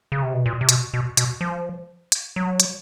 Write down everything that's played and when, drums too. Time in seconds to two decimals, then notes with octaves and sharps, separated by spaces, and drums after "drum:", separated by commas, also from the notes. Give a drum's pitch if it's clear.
0.12 C#3
0.23 C3
0.34 B2
0.46 A#2
0.61 C3
0.69 B2, drum: hi-hat
0.94 B2
1.17 B2, drum: hi-hat
1.41 F3
2.12 drum: hi-hat
2.36 F#3
2.60 drum: hi-hat